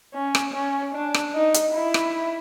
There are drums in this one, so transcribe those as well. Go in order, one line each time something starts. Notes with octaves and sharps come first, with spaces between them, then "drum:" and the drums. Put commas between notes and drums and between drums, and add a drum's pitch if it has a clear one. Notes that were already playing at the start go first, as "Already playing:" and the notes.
C#4
drum: rim click
C#4
D4
drum: rim click
D#4
drum: hi-hat
E4
drum: rim click